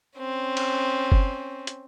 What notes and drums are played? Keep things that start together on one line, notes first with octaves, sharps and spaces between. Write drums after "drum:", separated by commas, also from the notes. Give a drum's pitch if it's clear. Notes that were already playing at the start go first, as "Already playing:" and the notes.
C4 C#4
drum: cymbal
drum: kick F#1
drum: hi-hat